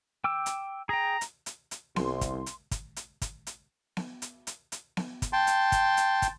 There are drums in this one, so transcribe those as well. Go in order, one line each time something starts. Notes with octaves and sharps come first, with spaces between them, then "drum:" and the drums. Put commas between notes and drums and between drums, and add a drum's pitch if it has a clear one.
G5 D6 E6
drum: hi-hat
G#4 G5 A#5
drum: hi-hat
drum: hi-hat
drum: hi-hat
C2 C6, drum: snare B3
drum: kick, hi-hat
drum: hi-hat
drum: kick, hi-hat
drum: hi-hat
drum: kick, hi-hat
drum: hi-hat
drum: snare B3
drum: hi-hat
drum: hi-hat
drum: hi-hat
drum: snare B3
drum: kick, hi-hat
G5 A5 C6
drum: hi-hat
drum: kick, hi-hat
drum: hi-hat
drum: kick, hi-hat